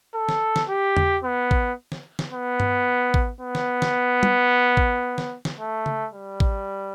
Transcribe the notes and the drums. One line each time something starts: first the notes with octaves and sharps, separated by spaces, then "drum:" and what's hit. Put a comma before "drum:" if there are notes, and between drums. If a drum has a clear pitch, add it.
A4
drum: snare
drum: snare
G4
drum: tom E2
B3
drum: kick
drum: snare
drum: snare
B3
drum: tom G2
drum: kick
B3
drum: snare
drum: snare
drum: tom
drum: kick
drum: snare
drum: snare
A3
drum: tom C#3
G3
drum: kick